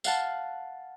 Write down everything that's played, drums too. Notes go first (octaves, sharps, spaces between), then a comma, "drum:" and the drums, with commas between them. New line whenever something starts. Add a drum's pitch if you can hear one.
F5 F#5 A5, drum: tambourine